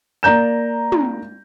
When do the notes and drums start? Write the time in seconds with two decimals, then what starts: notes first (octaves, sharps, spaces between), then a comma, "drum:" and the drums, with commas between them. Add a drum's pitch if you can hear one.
0.23 A#3 D5 A#5 G6 E7
0.92 drum: tom